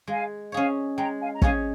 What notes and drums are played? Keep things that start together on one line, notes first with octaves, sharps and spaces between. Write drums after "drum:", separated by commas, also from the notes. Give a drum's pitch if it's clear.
G#3 F5 G#5
C#4 G#4 C#5 F5 G#5
G#3 G5 A#5
F5 G#5
A#5
C#4 G#4 C#5 F5 G#5, drum: kick